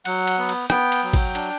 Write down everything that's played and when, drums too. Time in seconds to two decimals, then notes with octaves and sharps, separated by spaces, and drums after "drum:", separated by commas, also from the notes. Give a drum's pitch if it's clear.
0.05 F#3 F#5, drum: cymbal
0.27 drum: cymbal
0.38 B3
0.49 drum: cymbal
0.70 B3 G5, drum: rim click
0.92 drum: cymbal
1.03 F#3
1.13 drum: kick, cymbal
1.35 D4, drum: cymbal